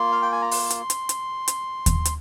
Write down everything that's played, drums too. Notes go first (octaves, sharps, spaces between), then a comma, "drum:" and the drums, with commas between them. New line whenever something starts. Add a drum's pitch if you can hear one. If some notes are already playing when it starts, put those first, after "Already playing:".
Already playing: A#3 F4 C6
F5
G5
G#5
A#5
C6, drum: open hi-hat
drum: hi-hat
drum: hi-hat
drum: hi-hat
drum: hi-hat
drum: kick D#2, hi-hat
drum: hi-hat